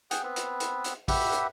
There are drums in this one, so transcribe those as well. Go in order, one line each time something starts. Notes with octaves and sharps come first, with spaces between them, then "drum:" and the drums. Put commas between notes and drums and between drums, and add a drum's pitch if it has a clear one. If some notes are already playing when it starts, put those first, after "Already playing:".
G#4 F#5 G5, drum: hi-hat
B3 C4 B4
drum: hi-hat
drum: hi-hat
drum: hi-hat
G4 B4 E5 F#5, drum: kick, open hi-hat
drum: hi-hat